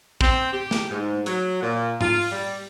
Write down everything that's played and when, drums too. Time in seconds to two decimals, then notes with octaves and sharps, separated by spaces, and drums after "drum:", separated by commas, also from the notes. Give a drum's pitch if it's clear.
0.21 C4, drum: kick
0.53 G4
0.71 drum: snare
0.90 G#2
1.26 F#3, drum: hi-hat
1.61 A#2
2.01 F4, drum: tom G#2
2.22 drum: open hi-hat
2.31 G3